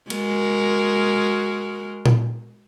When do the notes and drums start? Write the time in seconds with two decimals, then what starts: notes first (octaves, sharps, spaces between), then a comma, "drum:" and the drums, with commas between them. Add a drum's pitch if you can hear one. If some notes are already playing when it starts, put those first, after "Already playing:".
0.10 G#3 F#4 A#4, drum: cymbal
2.06 drum: tom A#2